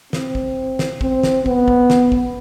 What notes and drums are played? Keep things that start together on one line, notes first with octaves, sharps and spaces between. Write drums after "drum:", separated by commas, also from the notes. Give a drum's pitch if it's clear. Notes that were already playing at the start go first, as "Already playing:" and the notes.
C4, drum: snare
drum: kick
drum: snare
C4, drum: kick
drum: snare
B3, drum: kick
drum: kick
drum: snare
drum: kick